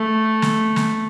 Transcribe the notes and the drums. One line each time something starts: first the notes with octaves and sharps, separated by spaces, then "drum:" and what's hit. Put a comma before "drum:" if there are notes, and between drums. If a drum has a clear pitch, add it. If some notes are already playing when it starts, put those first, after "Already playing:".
Already playing: A3
drum: snare
drum: snare